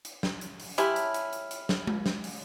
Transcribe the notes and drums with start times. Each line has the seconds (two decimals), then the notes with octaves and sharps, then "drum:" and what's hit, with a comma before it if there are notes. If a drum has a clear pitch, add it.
0.05 drum: hi-hat
0.23 drum: snare
0.41 drum: hi-hat
0.60 drum: open hi-hat
0.78 G#3 E4 G4 C#5 A5 B5 F6, drum: hi-hat
0.96 drum: hi-hat
1.14 drum: hi-hat
1.33 drum: hi-hat
1.51 drum: hi-hat
1.69 drum: snare
1.87 drum: tom G#3
2.06 drum: snare
2.24 drum: open hi-hat